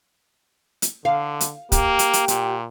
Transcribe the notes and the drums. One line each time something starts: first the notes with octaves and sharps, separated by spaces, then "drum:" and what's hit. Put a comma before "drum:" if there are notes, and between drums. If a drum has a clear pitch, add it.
drum: hi-hat
D3 F5
drum: hi-hat
A#3 G4, drum: kick, hi-hat
drum: hi-hat
drum: hi-hat
A#2, drum: hi-hat